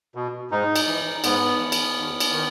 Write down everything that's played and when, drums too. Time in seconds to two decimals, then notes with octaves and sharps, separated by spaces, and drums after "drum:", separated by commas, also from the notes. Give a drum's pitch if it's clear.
0.15 B2
0.51 G#2 D#4
0.76 drum: cymbal
0.87 E3
1.24 G#2 B3, drum: cymbal
1.60 E3
1.72 drum: cymbal
1.97 D#2
2.20 drum: cymbal
2.32 D#3